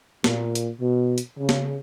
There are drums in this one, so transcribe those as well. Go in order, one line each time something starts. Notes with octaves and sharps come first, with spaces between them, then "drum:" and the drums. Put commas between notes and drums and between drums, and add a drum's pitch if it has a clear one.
A#2, drum: snare
drum: hi-hat
B2
drum: hi-hat
C#3
drum: snare